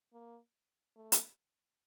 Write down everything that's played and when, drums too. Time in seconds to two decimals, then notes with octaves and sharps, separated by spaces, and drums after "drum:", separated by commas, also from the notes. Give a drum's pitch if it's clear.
0.13 A#3
0.96 A3
1.12 drum: hi-hat